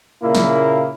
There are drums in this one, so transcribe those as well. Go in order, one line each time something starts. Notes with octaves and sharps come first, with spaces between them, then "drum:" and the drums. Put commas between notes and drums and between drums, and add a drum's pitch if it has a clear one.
A#2 C#3 A#3 E4
drum: snare